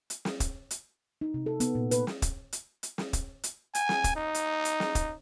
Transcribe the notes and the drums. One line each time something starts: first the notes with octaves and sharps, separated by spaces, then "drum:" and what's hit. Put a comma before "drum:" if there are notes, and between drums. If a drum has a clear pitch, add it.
drum: hi-hat
drum: snare
drum: kick, hi-hat
drum: hi-hat
D#4
C3
A4
B3, drum: hi-hat
A#2
B4, drum: hi-hat
drum: snare
drum: kick, hi-hat
drum: hi-hat
drum: hi-hat
drum: snare
drum: kick, hi-hat
drum: hi-hat
G#5, drum: hi-hat
drum: snare
drum: kick, hi-hat
D#4
drum: hi-hat
drum: hi-hat
drum: snare
drum: kick, hi-hat